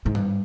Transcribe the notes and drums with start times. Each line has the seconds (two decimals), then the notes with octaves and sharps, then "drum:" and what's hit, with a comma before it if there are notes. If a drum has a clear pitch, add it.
0.06 G#2
0.15 G2, drum: tom